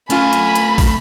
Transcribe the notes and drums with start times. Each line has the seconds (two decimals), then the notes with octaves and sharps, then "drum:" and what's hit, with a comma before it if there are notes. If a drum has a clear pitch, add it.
0.10 A3 C#4 F4 F5 G#5 B5, drum: hi-hat
0.33 drum: hi-hat
0.55 drum: hi-hat
0.78 drum: kick, open hi-hat